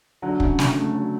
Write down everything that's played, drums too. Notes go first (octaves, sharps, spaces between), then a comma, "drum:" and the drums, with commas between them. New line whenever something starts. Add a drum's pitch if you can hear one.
D3 F#3
C#3, drum: kick
C#3, drum: snare
A3
F#3